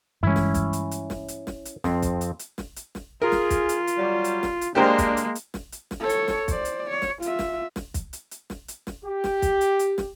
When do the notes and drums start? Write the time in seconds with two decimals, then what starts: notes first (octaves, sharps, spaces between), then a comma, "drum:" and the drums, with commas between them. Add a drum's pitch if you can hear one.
0.23 G2 E3 G#3 C#4 E4
0.36 drum: snare
0.54 drum: kick, hi-hat
0.73 drum: hi-hat
0.91 drum: hi-hat
1.10 drum: snare
1.28 drum: hi-hat
1.47 drum: snare
1.65 drum: hi-hat
1.84 F2 C4, drum: snare
2.02 drum: kick, hi-hat
2.21 drum: hi-hat
2.39 drum: hi-hat
2.58 drum: snare
2.76 drum: hi-hat
2.95 drum: snare
3.22 F4 G#4 A#4
3.32 drum: snare
3.50 drum: kick, hi-hat
3.69 drum: hi-hat
3.87 drum: hi-hat
3.97 F#3 G3
4.24 drum: hi-hat
4.43 drum: snare
4.61 drum: hi-hat
4.75 G#3 A#3 D4 G4 A#4 C5
4.98 drum: kick, hi-hat
5.17 drum: hi-hat
5.35 drum: hi-hat
5.54 drum: snare
5.72 drum: hi-hat
5.91 drum: snare
6.00 A4 C#5
6.09 drum: hi-hat
6.28 drum: snare
6.48 C5 D5, drum: kick, hi-hat
6.65 drum: hi-hat
6.90 C#5
7.02 drum: snare
7.22 F4 E5, drum: hi-hat
7.39 drum: snare
7.76 drum: snare
7.94 drum: kick, hi-hat
8.13 drum: hi-hat
8.31 drum: hi-hat
8.50 drum: snare
8.68 drum: hi-hat
8.87 drum: snare
9.05 G4
9.24 drum: snare
9.42 drum: kick, hi-hat
9.61 drum: hi-hat
9.79 drum: hi-hat
9.98 drum: snare